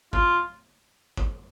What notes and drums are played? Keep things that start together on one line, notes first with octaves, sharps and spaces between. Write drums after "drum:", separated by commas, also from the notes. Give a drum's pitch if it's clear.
F4, drum: kick
drum: kick